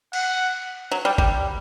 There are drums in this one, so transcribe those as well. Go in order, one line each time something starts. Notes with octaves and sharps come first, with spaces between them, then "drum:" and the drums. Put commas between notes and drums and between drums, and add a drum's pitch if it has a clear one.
F#5, drum: cymbal
F#3
G3
G3, drum: kick G1